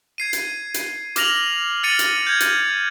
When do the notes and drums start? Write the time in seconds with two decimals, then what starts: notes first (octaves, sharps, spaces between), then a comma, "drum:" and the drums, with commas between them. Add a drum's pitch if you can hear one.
0.18 G#6 C7 D#7
0.33 drum: hi-hat
0.74 drum: hi-hat
1.16 D6 F6 A#6 F7 F#7, drum: hi-hat
1.83 F6 A6 C#7 D#7 F#7
1.99 drum: hi-hat
2.27 G6 G#6
2.40 drum: hi-hat